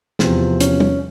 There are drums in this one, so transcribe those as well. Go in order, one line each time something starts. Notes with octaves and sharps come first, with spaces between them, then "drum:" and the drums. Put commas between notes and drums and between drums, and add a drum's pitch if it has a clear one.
E2 C3 F3 C4, drum: snare
C#4, drum: hi-hat
drum: tom G3